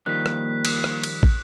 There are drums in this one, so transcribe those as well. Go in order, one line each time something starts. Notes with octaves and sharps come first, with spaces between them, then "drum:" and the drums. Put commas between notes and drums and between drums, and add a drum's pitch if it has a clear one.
D#3 F3 G3 A#3 F#6 B6
drum: rim click
drum: cymbal
drum: rim click
drum: cymbal
drum: kick